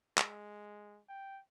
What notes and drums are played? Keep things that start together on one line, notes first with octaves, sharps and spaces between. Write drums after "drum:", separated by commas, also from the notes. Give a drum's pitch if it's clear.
G#3, drum: clap
G5